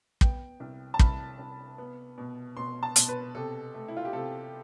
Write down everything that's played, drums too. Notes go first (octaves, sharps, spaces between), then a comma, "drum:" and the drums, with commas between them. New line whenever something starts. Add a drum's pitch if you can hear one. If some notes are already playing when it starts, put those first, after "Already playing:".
B3 G5, drum: kick
C2
A5
C2 B5, drum: kick
C2
B3
B2
B2 C6
A5
B2, drum: hi-hat
B4
C3 A4
A3
E4
F4
G4
C3 A4